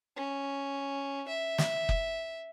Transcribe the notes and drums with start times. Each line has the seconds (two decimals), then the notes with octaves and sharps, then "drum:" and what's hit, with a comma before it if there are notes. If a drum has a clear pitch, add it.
0.16 C#4
1.28 E5
1.58 drum: snare
1.89 drum: kick